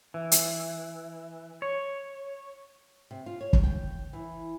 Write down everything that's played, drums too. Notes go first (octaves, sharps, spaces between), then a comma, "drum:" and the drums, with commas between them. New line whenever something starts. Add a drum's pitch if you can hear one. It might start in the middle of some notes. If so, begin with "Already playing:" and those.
E3
drum: hi-hat
C#5
C3
F4
C#5
drum: kick
G5
E3